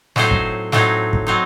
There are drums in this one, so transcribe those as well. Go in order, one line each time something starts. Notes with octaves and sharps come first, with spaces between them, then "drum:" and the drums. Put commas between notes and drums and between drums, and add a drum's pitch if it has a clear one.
A2 F#3 C4 D#4 C5, drum: snare
drum: kick
A2 F#3 C4 D#4, drum: snare
drum: kick
F#3 C4 D#4